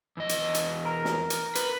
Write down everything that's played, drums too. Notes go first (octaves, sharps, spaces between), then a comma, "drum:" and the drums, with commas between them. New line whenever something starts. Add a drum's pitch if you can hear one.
E2 D#5
drum: hi-hat
drum: hi-hat
A#4
drum: snare
drum: hi-hat
B4, drum: hi-hat